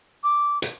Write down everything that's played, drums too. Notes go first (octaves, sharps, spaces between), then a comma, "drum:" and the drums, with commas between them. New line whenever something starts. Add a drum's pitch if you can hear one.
D6
drum: hi-hat